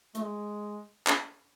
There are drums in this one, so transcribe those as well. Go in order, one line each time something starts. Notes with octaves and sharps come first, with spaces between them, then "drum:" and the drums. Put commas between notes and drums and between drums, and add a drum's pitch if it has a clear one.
A3, drum: hi-hat
G#3
drum: clap